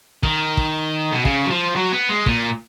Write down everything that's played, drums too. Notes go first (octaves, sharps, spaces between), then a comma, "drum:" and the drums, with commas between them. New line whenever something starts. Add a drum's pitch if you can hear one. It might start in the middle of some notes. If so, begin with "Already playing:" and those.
D#3, drum: kick
drum: kick
B2
C#3, drum: kick
F#3
F3
F#3
B3
G#3
A#2, drum: kick